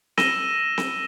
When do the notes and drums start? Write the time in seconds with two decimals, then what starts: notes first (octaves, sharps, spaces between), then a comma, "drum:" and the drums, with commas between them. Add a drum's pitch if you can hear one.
0.18 E6 A#6 D#7 E7 G7, drum: snare C4
0.78 drum: snare C4